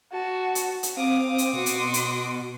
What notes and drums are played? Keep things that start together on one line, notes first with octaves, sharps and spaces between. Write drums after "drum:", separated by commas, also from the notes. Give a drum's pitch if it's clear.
F#4 A5
drum: hi-hat
drum: hi-hat
C4 F5 D6 D#6
drum: hi-hat
B2 F#4 C6
drum: hi-hat
drum: hi-hat